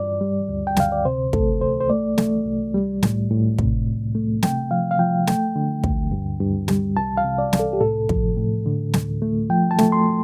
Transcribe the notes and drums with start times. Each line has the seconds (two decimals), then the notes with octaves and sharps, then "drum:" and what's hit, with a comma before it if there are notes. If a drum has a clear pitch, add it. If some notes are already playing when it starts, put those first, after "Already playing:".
Already playing: G2 D5
0.21 G3
0.49 D2
0.67 G5
0.77 D2 F5, drum: snare
0.92 D5
1.05 C3 C5
1.33 A3 A4, drum: kick
1.61 C2 C5
1.80 C5
1.90 A3 D5
2.18 A3, drum: snare
2.46 C2
2.74 G3
3.03 A2, drum: snare
3.30 A2
3.58 C3, drum: kick
3.87 C2
4.15 A3
4.43 C3 G5, drum: snare
4.71 F3 F5
4.91 F5
4.99 F3 G5
5.27 A3 G5, drum: snare
5.56 D3
5.84 D2, drum: kick
6.12 G2
6.40 G2
6.68 G3, drum: snare
6.97 C2 A5
7.17 F5
7.24 C3
7.38 D5
7.53 C2, drum: snare
7.59 A4
7.73 G4
7.81 A2 A4
8.09 F3, drum: kick
8.37 A2
8.66 D3
8.94 D2, drum: snare
9.22 A3
9.50 F3 G5
9.71 A5
9.79 A3, drum: snare
9.92 C6